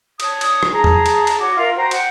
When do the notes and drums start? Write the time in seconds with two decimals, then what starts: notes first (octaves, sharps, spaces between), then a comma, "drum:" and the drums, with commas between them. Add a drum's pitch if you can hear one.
0.20 C#5 A5 D#6, drum: cymbal
0.41 drum: cymbal
0.63 drum: rim click
0.72 G#4 A5 A#5
0.84 drum: tom E2
1.06 drum: cymbal
1.27 drum: cymbal
1.39 F#4 C#5 D6
1.57 F4 A#4 E5 F5
1.75 F#4 C5 G5 A#5
1.91 F#5 G5, drum: cymbal